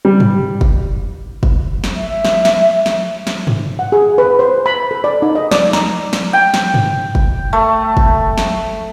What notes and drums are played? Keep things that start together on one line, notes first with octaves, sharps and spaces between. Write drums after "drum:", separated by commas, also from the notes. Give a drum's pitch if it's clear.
G3
drum: tom G2
drum: kick
drum: kick
drum: snare
E5
drum: snare
drum: snare
drum: snare
drum: snare
drum: tom G2
F#5
G#4
B4
C5
B5
A4
D5
D#4
D#5
D5, drum: snare
A#5, drum: snare
drum: snare
G5
drum: snare
drum: tom G2
drum: kick
A3
drum: kick
drum: snare